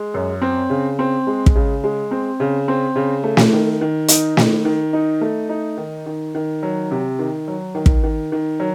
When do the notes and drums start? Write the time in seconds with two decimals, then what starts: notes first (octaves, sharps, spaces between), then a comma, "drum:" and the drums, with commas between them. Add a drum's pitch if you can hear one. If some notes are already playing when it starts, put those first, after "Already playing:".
Already playing: G#3
0.14 F#2
0.42 C4
0.70 C#3
0.99 C4
1.27 G#3
1.46 drum: kick
1.55 C#3
1.84 G#3
2.11 C4
2.40 C#3
2.68 C4
2.96 C#3
3.24 A3
3.37 drum: snare
3.53 D#3
3.81 D#3
4.08 D#4, drum: hi-hat
4.37 D#3, drum: snare
4.65 D#3
4.93 D#4
5.21 A3
5.49 D#4
5.77 D#3
6.06 D#3
6.35 D#3
6.63 F#3
6.91 C3
7.19 D#3
7.48 F#3
7.75 D#3
7.86 drum: kick
8.03 D#3
8.32 D#3
8.60 F#3